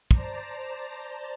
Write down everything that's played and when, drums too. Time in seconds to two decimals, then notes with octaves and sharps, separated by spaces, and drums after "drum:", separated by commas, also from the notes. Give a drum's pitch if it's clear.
0.11 C5 D5 A5 A#5, drum: kick